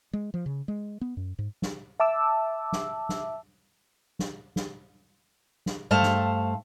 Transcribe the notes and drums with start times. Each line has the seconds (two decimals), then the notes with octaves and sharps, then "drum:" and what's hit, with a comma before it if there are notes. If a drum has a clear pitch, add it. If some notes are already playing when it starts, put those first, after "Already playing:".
0.13 G#3
0.34 F3
0.46 C#3
0.68 G#3
1.01 B3
1.17 F#2
1.39 G#2
1.62 drum: snare
2.00 E5 A5 D6 E6
2.72 drum: snare
3.09 drum: snare
4.19 drum: snare
4.56 drum: snare
5.66 drum: snare
5.91 G2 A3 C5 F5 A5
6.03 drum: snare